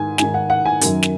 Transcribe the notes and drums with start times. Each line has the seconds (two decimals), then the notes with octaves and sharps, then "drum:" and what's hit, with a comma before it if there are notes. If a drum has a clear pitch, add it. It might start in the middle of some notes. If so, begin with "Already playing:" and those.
Already playing: G#2 D#3 G#5
0.18 G#2 D#3 G#5, drum: snare
0.34 F#5
0.50 F#5
0.65 G#5
0.81 F#2 D#3, drum: hi-hat
1.03 drum: snare